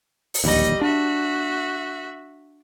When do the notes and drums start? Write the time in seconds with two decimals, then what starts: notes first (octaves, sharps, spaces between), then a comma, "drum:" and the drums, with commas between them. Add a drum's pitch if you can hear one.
0.34 drum: open hi-hat
0.44 D1 A#1 D#2 G3 D#5
0.81 D4 F#4 E5